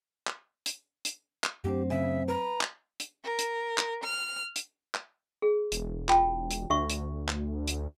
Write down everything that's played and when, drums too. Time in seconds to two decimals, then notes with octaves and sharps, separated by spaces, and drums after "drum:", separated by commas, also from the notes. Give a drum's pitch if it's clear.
0.27 drum: clap
0.66 drum: hi-hat
1.05 drum: hi-hat
1.44 drum: clap
1.64 F#2 F#3 A3 C4 D4 G4 C5
1.90 C#3 E5
2.28 B4 A#5
2.61 drum: clap
3.00 drum: hi-hat
3.23 A#4
3.39 drum: hi-hat
3.78 drum: clap
4.03 F6
4.56 drum: hi-hat
4.95 drum: clap
5.42 G#4
5.72 E1, drum: hi-hat
6.09 F4 G5 A5, drum: clap
6.51 drum: hi-hat
6.70 D2 F#4 E5 C#6
6.90 drum: hi-hat
7.29 drum: clap
7.68 drum: hi-hat